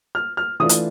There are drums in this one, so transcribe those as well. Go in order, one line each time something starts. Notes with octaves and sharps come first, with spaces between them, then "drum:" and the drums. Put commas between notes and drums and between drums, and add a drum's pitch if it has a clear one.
F6
F6
E3 A3 D4 F4 D#6
drum: hi-hat